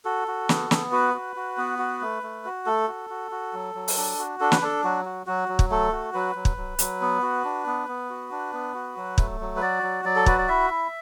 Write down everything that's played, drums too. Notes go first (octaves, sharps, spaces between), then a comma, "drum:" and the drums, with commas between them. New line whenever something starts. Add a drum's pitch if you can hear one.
F#4 A4
F#4
B3, drum: snare
B3, drum: snare
F#4 B4
F#4
F#4
B3
F#4
A3
A3
F#4
A3 A4
F#4
F#4
F#4
F#3
F#3
drum: open hi-hat
D4
F#4
D4 A4
B4, drum: snare
D4 A4
F#3 F#4
F#4
F#3 F#4
F#3
drum: kick
A3 A4
F#4
F#3 B4
F#3
drum: kick
F#3
F#3, drum: hi-hat
B3
F#4
D4
B3
B3
F#4
D4
B3
F#4
F#3
A3, drum: kick
F#3
B4
F#4 D5
F#3
F#3 D5
A4
F#4 B4, drum: kick
D5
E4 E5
E4